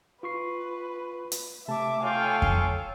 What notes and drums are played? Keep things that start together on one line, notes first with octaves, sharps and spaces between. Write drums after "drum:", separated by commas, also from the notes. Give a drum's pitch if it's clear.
F4 B4 C#6 C7
drum: hi-hat
C3 A3 E5 A5 D6
F4 A4 C#5 F5 G5 G#5
drum: kick F2